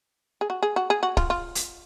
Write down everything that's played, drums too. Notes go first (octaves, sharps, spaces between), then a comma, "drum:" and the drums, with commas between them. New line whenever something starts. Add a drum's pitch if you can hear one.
G#4
F#4
G#4
F#4
G#4
F#4
F4, drum: kick
F4
drum: hi-hat